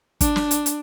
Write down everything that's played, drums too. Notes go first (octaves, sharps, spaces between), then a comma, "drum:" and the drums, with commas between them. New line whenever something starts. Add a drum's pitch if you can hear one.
D4, drum: kick, hi-hat
drum: snare
drum: hi-hat
drum: hi-hat